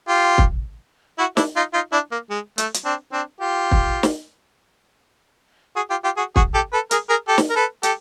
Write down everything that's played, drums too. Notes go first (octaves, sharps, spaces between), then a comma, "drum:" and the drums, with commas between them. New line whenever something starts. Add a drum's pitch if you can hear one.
F4 G4
drum: kick
E4 F#4
D4 E4, drum: snare
D#4 F4
D#4 F4
D4 E4
A#3
G#3
A3, drum: hi-hat
drum: hi-hat
C4 D4
C4 D4
F4 G4
drum: kick
drum: snare
F#4 G#4
F4 G4
F4 G4
F#4 G#4
F#4 G#4, drum: kick
G4 A4
A4 B4
G#4 A#4, drum: hi-hat
G#4 A#4
G4 A4
drum: snare
A#4
A4 B4
G4 A4, drum: hi-hat